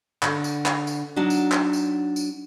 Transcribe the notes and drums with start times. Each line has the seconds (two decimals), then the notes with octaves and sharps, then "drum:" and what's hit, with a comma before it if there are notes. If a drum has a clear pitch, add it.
0.23 D3, drum: clap
0.44 drum: tambourine
0.66 drum: clap
0.87 drum: tambourine
1.16 F#3 D4 D#4 F#4
1.30 drum: tambourine
1.52 drum: clap
1.73 drum: tambourine
2.16 drum: tambourine